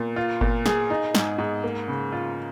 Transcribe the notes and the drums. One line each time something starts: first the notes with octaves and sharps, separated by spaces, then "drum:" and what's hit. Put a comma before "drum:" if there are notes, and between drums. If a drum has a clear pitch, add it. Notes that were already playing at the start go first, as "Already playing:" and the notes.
Already playing: A#2
F4
A#2, drum: kick G1
G#4, drum: snare
D#4
G#2, drum: snare
G#2
A#3
C#3
F4